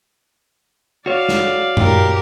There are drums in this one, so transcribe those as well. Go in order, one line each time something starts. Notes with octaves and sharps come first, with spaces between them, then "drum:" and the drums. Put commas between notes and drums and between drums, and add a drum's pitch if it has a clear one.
F#4 C#5 D5 F5
drum: snare
F#2 A#2 E4 G4 A#4, drum: tom G2